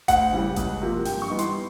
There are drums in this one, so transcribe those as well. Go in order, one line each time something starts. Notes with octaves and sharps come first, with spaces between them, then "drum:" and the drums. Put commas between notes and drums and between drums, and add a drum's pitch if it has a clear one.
D2 F#5, drum: kick G1, hi-hat
C#3 E3 G3
C#2, drum: kick G1, hi-hat
C3 F3 A#3
G2 G5, drum: open hi-hat
C#6
E3 G3 B3 D#4
C6, drum: hi-hat